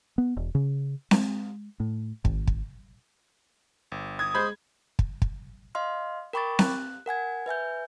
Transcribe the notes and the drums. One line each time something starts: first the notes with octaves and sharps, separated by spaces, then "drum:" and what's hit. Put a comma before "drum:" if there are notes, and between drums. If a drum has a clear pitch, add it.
B3
E1
C#3
G#3, drum: snare C4
A2
G#1, drum: kick
drum: kick
G1
D#6 G#6
G#3 C5 B5 G#6
drum: kick
drum: kick
D#5 F5 C6 F6
A#4 G5 B5 C#6 D6 A6
F#6, drum: snare C4
A#4 F#5 G#5 G#6
B4 E5 G#5 G6